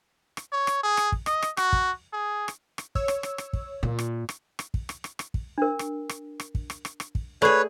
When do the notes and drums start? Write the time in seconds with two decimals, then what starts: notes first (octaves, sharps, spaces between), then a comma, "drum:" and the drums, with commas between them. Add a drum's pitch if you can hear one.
0.37 drum: rim click
0.52 C#5
0.67 drum: rim click
0.83 G#4
0.97 drum: rim click
1.12 drum: kick
1.26 D#5, drum: rim click
1.42 drum: rim click
1.57 F#4, drum: rim click
1.73 drum: kick
2.13 G#4
2.48 drum: rim click
2.78 drum: rim click
2.95 C#5 E6, drum: kick
3.08 drum: rim click
3.23 drum: rim click
3.38 drum: rim click
3.53 drum: kick
3.83 A#2
3.99 drum: rim click
4.29 drum: rim click
4.59 drum: rim click
4.74 drum: kick
4.89 drum: rim click
5.04 drum: rim click
5.19 drum: rim click
5.34 drum: kick
5.58 D4 A#4
5.79 drum: rim click
6.09 drum: rim click
6.40 drum: rim click
6.55 drum: kick
6.70 drum: rim click
6.85 drum: rim click
7.00 drum: rim click
7.15 drum: kick
7.42 A3 G#4 B4 C#5 D5